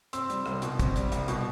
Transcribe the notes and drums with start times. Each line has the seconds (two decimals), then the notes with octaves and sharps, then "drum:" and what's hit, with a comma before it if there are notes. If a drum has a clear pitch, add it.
0.13 C4 C6 E6, drum: hi-hat
0.30 G3, drum: hi-hat
0.46 C2, drum: rim click
0.62 B2, drum: hi-hat
0.79 C4, drum: kick, hi-hat
0.96 G3, drum: hi-hat
1.12 C2, drum: hi-hat
1.28 B2, drum: hi-hat